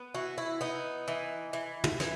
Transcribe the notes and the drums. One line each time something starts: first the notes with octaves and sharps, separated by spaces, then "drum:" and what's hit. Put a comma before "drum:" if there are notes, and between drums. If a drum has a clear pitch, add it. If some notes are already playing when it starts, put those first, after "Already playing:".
Already playing: B3
E3 F#4
E4
B3 D#4
E3
E3
drum: tom
E3, drum: snare